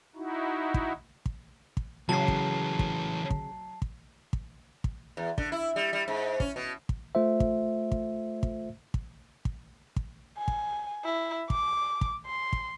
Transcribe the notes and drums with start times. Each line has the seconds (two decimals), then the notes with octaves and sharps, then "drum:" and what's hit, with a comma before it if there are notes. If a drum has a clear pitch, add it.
0.16 D#4 E4 F#4
0.74 drum: kick
1.26 drum: kick
1.77 drum: kick
2.09 C#3 E3 F#3 C#4 A5 C7
2.28 drum: kick
2.79 drum: kick
3.30 drum: kick
3.82 drum: kick
4.33 drum: kick
4.84 drum: kick
5.17 E2
5.38 D3, drum: kick
5.52 E4
5.76 G3
5.93 G3
6.08 G#2
6.40 C#4, drum: kick
6.56 B2
6.89 drum: kick
7.15 A3 F4 C5 E5
7.40 drum: kick
7.92 drum: kick
8.43 drum: kick
8.94 drum: kick
9.45 drum: kick
9.96 drum: kick
10.37 G#5
10.48 drum: kick
11.05 E4
11.50 D6, drum: kick
12.01 drum: kick
12.26 C6
12.53 drum: kick